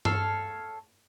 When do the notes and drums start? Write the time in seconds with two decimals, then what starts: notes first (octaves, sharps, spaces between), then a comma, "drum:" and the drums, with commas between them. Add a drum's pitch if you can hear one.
0.05 A4 C#5 F5, drum: tom G2